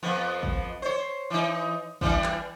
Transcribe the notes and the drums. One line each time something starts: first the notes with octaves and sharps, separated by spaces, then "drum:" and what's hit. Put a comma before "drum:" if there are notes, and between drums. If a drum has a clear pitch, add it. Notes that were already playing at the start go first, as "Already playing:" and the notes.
F2 F3 B3
drum: kick
C5 C#5
E3 D#4
E3 G3 D4, drum: kick
drum: clap